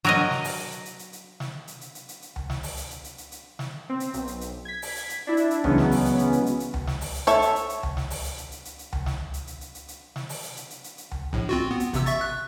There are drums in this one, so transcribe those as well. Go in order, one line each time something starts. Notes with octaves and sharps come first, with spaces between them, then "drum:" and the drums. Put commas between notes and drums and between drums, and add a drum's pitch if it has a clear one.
F#3 A#4 D#5, drum: hi-hat
drum: snare
drum: open hi-hat
drum: hi-hat
drum: hi-hat
drum: hi-hat
drum: hi-hat
drum: snare
drum: hi-hat
drum: hi-hat
drum: hi-hat
drum: hi-hat
drum: hi-hat
drum: tom C#2
drum: snare
drum: open hi-hat
drum: hi-hat
drum: hi-hat
drum: hi-hat
drum: hi-hat
drum: hi-hat
drum: snare
C4
drum: hi-hat
B1, drum: hi-hat
drum: hi-hat
drum: hi-hat
G#6 B6
drum: open hi-hat
drum: hi-hat
drum: hi-hat
D4 E4
drum: hi-hat
drum: hi-hat
C#3 E3 F#3 G#3 B3 C#4, drum: tom C#2
drum: snare
drum: open hi-hat
drum: hi-hat
drum: hi-hat
drum: hi-hat
drum: hi-hat
drum: hi-hat
drum: tom C#2
drum: snare
drum: open hi-hat
drum: hi-hat
A4 C#5 E5, drum: hi-hat
drum: hi-hat
drum: hi-hat
drum: hi-hat
drum: tom C#2
drum: snare
drum: open hi-hat
drum: hi-hat
drum: hi-hat
drum: hi-hat
drum: hi-hat
drum: hi-hat
drum: tom C#2
drum: snare
drum: hi-hat
drum: hi-hat
drum: hi-hat
drum: hi-hat
drum: hi-hat
drum: snare
drum: open hi-hat
drum: hi-hat
drum: hi-hat
drum: hi-hat
drum: hi-hat
drum: hi-hat
drum: tom C#2
A#1 A2
C4 F4 F#4
B3
drum: hi-hat
A1 C3 E6, drum: hi-hat
E5 C#6 A6, drum: hi-hat
F#6